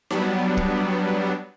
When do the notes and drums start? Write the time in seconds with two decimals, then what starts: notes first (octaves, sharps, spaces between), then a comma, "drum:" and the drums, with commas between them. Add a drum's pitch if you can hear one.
0.10 F#3 G3 B3 D4, drum: snare D#4
0.57 drum: kick